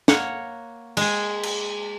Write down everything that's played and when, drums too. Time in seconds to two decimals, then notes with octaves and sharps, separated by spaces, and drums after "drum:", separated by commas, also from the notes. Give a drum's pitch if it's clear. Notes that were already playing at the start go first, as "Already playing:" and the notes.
0.08 A#3 C#5 F#5, drum: snare
0.97 G#3 G#4, drum: cymbal
1.43 drum: cymbal